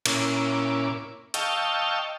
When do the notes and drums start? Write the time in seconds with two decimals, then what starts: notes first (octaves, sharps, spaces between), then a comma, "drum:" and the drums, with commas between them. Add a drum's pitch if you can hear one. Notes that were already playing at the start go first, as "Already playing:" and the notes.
0.06 A#2 C#4 E4 D6, drum: cymbal
1.34 D#5 F5 G5 A5 C#6 E6, drum: hi-hat